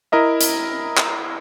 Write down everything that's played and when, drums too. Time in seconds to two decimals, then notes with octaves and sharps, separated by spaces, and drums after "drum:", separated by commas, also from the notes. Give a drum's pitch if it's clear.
0.12 E4 A#4 D#5 E5
0.41 drum: hi-hat
0.97 drum: clap